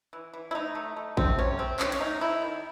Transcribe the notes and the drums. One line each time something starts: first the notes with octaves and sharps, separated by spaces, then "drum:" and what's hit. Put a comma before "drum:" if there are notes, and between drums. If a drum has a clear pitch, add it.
E3
E3
E4
A3 D#4
A3
A3
A3 C4, drum: kick A1
C3 C#4
C3 C4
D#3 C#4, drum: clap
C#4, drum: cymbal
A3 D#4
D#3 E4
D#3